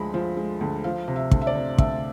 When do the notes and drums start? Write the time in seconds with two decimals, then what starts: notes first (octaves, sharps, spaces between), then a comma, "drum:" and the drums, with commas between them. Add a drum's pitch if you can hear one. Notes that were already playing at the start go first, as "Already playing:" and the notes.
Already playing: D2 F3 G#3 B5
0.14 F3
0.37 G#3
0.61 D2
0.84 F3 F5
1.08 C3
1.16 E5
1.31 D2, drum: kick
1.42 E5
1.47 D5
1.55 C3
1.78 D2 E5, drum: kick